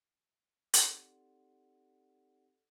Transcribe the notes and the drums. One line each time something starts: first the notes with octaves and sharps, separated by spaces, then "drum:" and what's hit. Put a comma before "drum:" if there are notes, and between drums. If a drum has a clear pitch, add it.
C4 D#4 G4 A4 D5 F#5, drum: hi-hat